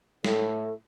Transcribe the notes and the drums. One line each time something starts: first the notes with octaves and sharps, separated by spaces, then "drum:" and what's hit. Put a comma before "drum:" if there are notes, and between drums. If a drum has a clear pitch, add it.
A2 A4, drum: snare